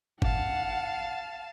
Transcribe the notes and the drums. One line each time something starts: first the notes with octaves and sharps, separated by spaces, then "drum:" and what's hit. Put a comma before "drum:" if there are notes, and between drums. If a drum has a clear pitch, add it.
F5 F#5 A5, drum: kick